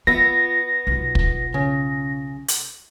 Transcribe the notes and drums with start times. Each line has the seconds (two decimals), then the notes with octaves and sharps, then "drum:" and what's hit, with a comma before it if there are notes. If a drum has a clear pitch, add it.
0.07 B3 F4 E5 A#6
0.87 B1 F4
1.15 drum: kick
1.54 C#3
2.48 drum: hi-hat